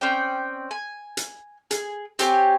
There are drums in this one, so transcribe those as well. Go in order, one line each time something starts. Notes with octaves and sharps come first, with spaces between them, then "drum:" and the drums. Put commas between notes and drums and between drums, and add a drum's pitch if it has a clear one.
C4 C#4 D5 G5
G#5
drum: hi-hat
G#4, drum: hi-hat
C4 G4 C#5 G#5, drum: hi-hat